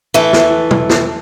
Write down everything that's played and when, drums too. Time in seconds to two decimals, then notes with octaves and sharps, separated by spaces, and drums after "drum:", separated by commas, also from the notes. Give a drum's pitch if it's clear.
0.14 E3 A3
0.33 drum: snare
0.71 drum: tom
0.90 drum: snare